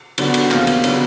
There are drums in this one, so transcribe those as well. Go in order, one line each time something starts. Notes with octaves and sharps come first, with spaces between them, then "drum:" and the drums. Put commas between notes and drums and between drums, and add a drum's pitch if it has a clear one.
D3 F#3 B3 D4 F#4, drum: cymbal
drum: cymbal
E2 C3 F3 A#3, drum: clap
drum: cymbal
C#3 F#3 B3 D4, drum: cymbal